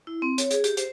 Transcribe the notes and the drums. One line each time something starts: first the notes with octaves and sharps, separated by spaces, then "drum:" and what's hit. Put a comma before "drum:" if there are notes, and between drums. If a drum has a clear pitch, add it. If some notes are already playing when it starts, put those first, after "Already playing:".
E4
C4
C#5, drum: hi-hat
G#4, drum: hi-hat
G4, drum: hi-hat
C5, drum: hi-hat